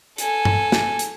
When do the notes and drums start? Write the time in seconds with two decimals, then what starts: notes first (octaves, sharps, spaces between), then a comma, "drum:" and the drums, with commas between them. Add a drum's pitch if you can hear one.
0.18 A4 G#5, drum: hi-hat
0.45 drum: tom G2
0.72 drum: snare
0.99 drum: hi-hat